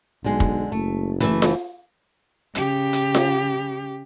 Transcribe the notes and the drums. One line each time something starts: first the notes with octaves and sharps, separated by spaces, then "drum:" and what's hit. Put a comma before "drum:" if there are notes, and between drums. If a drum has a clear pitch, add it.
B1 D3 G#3
drum: kick
F#1 A3
E3 A3 E5, drum: hi-hat
drum: snare F4
C#3 G4, drum: hi-hat
drum: hi-hat
drum: snare F4